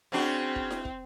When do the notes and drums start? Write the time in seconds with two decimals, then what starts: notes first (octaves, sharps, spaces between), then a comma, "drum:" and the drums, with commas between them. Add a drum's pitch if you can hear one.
0.12 C#3 C4 D4 F#4
0.56 drum: kick
0.70 drum: snare E4
0.85 drum: kick